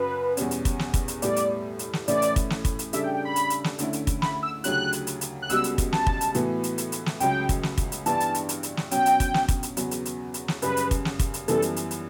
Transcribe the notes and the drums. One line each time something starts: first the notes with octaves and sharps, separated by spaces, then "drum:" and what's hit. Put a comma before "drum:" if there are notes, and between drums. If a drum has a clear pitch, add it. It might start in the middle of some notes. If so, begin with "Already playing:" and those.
Already playing: F#2 C#3 F#3 B4
E2 B2 G3 C#4, drum: hi-hat
drum: hi-hat
drum: kick, hi-hat
drum: snare
drum: kick, hi-hat
drum: hi-hat
A2 G3 B3 D5, drum: hi-hat
drum: hi-hat
drum: hi-hat
drum: snare
A2 E3 A3 C#4 D5, drum: hi-hat
drum: hi-hat
drum: kick, hi-hat
drum: snare
drum: kick, hi-hat
drum: hi-hat
C#3 G3 D4 A4 E5, drum: hi-hat
G5
G5
B5
drum: hi-hat
drum: hi-hat
drum: snare
D2 D3 A3 C#4 E4, drum: hi-hat
drum: hi-hat
drum: kick, hi-hat
B5, drum: snare
E6
D2 C#3 F#3 C#4 G4 F#6, drum: hi-hat
drum: hi-hat
drum: hi-hat
drum: hi-hat
F#6
C#2 C#3 G3 B3 F#4 E6, drum: hi-hat
drum: hi-hat
drum: kick, hi-hat
A5, drum: snare
drum: kick
drum: hi-hat
A2 E3 B3 F#4, drum: hi-hat
drum: hi-hat
drum: hi-hat
drum: hi-hat
drum: snare
C#2 C#3 F#3 G5, drum: hi-hat
drum: kick, hi-hat
drum: snare
drum: kick, hi-hat
drum: hi-hat
G2 E3 B3 D4 G4 A5, drum: hi-hat
drum: hi-hat
drum: hi-hat
drum: hi-hat
drum: hi-hat
drum: snare
B2 F#3 C#4 G5, drum: hi-hat
drum: hi-hat
drum: kick, hi-hat
drum: snare
drum: kick, hi-hat
drum: hi-hat
E2 C#3 F#3 B3, drum: hi-hat
drum: hi-hat
drum: hi-hat
drum: hi-hat
drum: snare
F#2 C#3 G3 B4, drum: hi-hat
drum: hi-hat
drum: kick, hi-hat
drum: snare
drum: kick, hi-hat
drum: hi-hat
F#2 E3 G3 B3 A4, drum: hi-hat
drum: hi-hat
drum: hi-hat
drum: hi-hat